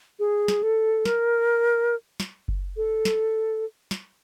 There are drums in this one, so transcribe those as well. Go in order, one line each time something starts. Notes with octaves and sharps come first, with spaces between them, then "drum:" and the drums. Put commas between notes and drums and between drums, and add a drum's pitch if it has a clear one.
G#4
drum: snare
A4
A#4, drum: snare
drum: snare
drum: kick F#1
A4
drum: snare
drum: snare